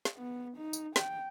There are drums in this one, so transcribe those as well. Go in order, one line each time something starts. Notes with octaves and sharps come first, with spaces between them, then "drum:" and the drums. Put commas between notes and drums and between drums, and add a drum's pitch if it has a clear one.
drum: snare
B3
D#4
drum: tambourine
G5, drum: snare